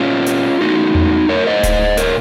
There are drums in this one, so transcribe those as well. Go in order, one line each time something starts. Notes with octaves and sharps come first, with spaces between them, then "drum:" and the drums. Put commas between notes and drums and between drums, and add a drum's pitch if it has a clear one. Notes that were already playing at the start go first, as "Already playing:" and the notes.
Already playing: A#2 C#4 F4
drum: hi-hat
A2 D#4 F#4
drum: tom E2
A2 A#4 C#5
C5 D#5
drum: kick D1, hi-hat
A#2 A#4 C#5, drum: hi-hat